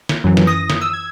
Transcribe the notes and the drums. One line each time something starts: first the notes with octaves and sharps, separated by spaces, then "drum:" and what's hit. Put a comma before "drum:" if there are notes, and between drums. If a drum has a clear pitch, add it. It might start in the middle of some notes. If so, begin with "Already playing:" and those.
drum: snare
F#2 E3 F#3
drum: snare
D#6 A#6
drum: snare
D#6 E6
G#6